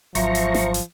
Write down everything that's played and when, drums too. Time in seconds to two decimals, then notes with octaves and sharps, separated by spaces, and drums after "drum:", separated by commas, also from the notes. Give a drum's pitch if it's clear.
0.15 G#1 F3 F#3 C5 E5 A#5 C#6, drum: hi-hat
0.35 drum: hi-hat
0.54 drum: snare
0.74 drum: hi-hat